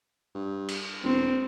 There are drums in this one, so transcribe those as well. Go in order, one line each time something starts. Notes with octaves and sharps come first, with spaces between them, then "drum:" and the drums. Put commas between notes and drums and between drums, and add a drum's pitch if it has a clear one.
G2
drum: cymbal
E1 C4